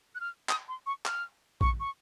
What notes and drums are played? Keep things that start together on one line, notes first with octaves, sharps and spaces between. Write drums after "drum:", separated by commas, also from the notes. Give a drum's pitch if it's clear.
F#6
F6
D#6, drum: clap
C6
C#6
F6, drum: clap
C#6, drum: kick A#1
C#6